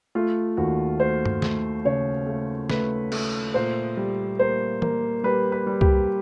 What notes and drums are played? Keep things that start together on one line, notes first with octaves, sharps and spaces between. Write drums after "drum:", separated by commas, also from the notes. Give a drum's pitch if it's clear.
A3 F4
D#2 F#4
A3 C5
drum: tom G2
A3, drum: snare
C#3 C#5
A3
A3 B4, drum: snare
A3, drum: cymbal
A#2 C5
G3
A#3 C5
A#3, drum: tom E3
G3 B4
B4
G3
G4, drum: kick C2